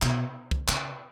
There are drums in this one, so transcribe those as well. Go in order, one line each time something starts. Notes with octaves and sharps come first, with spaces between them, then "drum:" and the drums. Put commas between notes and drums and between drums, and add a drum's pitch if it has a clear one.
B2, drum: clap
drum: kick
C#3, drum: clap